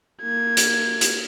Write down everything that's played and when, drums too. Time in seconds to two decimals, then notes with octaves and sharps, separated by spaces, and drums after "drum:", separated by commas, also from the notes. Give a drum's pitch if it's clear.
0.23 A#3 G#6
0.57 drum: hi-hat
1.01 drum: hi-hat